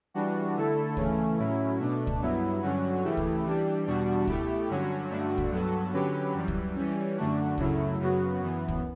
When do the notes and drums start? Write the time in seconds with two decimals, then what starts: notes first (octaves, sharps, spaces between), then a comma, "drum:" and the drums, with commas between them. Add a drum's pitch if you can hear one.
0.14 E3 G3 D4 F#4
0.55 D3 A3 E4 A4
0.97 C#3 E3 A3 C#4, drum: kick
1.38 A2 F#3 C#4 E4
1.79 B2 A3 D4
2.07 drum: kick
2.21 G2 F#3 B3 E4
2.62 G2 D3 F#3 C#4 F#4
3.04 C#3 E3 A3 E4 G4
3.17 drum: kick
3.45 E3 G3 D4 G4
3.86 E2 B2 G3 D4 F#4
4.27 B2 A3 E4 G4, drum: kick
4.68 G2 D3 F#3 C#4 F#4
5.10 G2 D3 A3 D4 F#4
5.38 drum: kick
5.51 G2 F#3 B3 F#4 A4
5.92 D3 F#3 C#4 G4 B4
6.34 F#2 E3 G3
6.48 drum: kick
6.75 E3 G3 C#4
7.17 F#2 D3 A3 D4 F#4
7.58 F#2 C#3 F#3 A3 E4, drum: kick
8.00 F#2 C#3 F#3 B3 F#4
8.41 F#2 E3 B3
8.68 drum: kick